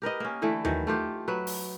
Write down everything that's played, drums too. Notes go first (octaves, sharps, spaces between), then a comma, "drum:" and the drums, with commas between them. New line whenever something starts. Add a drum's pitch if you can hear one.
G4 A#4 B4 D#5
A#3 C#4
D3 E3 A3 E4
D#3 E3 F#3, drum: tom D#2
A3 F4 G4
F#3 B4
drum: open hi-hat